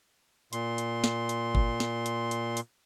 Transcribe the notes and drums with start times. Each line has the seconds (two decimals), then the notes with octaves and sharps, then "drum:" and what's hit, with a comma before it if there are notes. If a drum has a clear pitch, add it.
0.53 A#2 C6, drum: hi-hat
0.78 drum: hi-hat
1.04 drum: snare
1.29 drum: hi-hat
1.55 drum: kick
1.80 drum: snare
2.06 drum: hi-hat
2.31 drum: hi-hat
2.57 drum: hi-hat